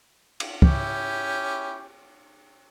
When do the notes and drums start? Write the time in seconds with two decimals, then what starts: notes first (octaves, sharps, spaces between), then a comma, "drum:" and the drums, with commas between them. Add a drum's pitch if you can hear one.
0.40 drum: cymbal
0.62 C#4 E4 G4, drum: kick